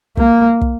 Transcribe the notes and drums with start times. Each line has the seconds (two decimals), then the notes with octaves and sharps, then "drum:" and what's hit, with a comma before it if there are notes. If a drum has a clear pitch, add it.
0.17 A#3, drum: kick
0.61 drum: kick